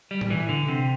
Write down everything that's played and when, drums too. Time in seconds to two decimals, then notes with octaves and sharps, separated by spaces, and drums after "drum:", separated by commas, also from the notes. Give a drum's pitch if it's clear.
0.11 G3
0.21 drum: tom A2
0.30 E3
0.49 D3
0.68 C3